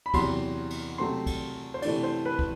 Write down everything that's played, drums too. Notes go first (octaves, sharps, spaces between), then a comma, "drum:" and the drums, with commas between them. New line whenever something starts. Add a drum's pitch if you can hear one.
B5
E2 C3 F#3 C6, drum: kick, cymbal
drum: cymbal
C3 F#3 A3 C4 C6
drum: kick, cymbal
C5
C3 E3 A3 D4 D5, drum: cymbal
C5
B4
drum: kick